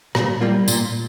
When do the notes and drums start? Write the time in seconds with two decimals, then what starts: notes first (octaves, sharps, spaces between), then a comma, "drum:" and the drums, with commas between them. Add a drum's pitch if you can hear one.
0.15 A#2, drum: rim click
0.41 G3 A#3 F4
0.68 A#2, drum: tambourine